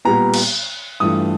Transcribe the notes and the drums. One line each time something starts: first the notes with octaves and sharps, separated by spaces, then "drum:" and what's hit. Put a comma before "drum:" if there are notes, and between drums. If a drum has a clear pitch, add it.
A#2 G3 B3 A#5
drum: cymbal
G2 E3 A3 D4 F4 D#6